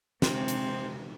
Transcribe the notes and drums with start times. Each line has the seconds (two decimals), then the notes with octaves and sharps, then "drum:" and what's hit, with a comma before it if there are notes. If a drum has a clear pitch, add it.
0.22 C3 G#3 C4, drum: snare
0.48 drum: hi-hat